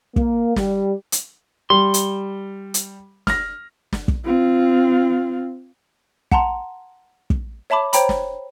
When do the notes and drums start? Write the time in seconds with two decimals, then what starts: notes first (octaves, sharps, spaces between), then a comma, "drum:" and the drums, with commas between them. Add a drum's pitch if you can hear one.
0.16 A#3, drum: kick
0.56 G3, drum: snare
1.12 drum: hi-hat
1.70 G3 C6
1.94 drum: hi-hat
2.74 drum: hi-hat
3.27 F6 A#6, drum: snare
3.93 drum: snare
4.08 drum: kick
4.25 C4 F4
6.32 F#5 A5 A#5 C6, drum: kick
7.30 drum: kick
7.70 C#5 E5 A5 B5 D6
7.93 C5 C#5 G5 A#5 B5, drum: hi-hat
8.09 drum: snare